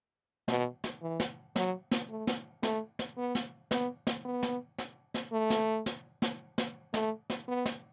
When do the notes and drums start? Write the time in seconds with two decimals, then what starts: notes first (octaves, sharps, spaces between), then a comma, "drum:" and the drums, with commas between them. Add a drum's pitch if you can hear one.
0.48 B2, drum: snare
0.84 drum: snare
1.02 E3
1.20 drum: snare
1.56 F#3, drum: snare
1.91 drum: snare
2.09 A3
2.27 drum: snare
2.63 A3, drum: snare
2.99 drum: snare
3.17 B3
3.35 drum: snare
3.71 B3, drum: snare
4.07 drum: snare
4.25 B3
4.43 drum: snare
4.78 drum: snare
5.14 drum: snare
5.32 A3
5.50 drum: snare
5.86 drum: snare
6.22 drum: snare
6.58 drum: snare
6.94 A3, drum: snare
7.30 drum: snare
7.48 B3
7.66 drum: snare